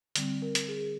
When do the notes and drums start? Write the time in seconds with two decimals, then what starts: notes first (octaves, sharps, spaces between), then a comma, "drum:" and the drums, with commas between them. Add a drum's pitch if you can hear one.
0.16 D3 G3 C4, drum: hi-hat
0.42 A#4
0.55 drum: hi-hat
0.68 G#4